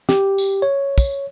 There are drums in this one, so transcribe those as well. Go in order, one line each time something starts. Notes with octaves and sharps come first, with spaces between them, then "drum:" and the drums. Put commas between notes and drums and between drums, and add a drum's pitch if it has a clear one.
G4, drum: snare
drum: tambourine
C#5
drum: kick, tambourine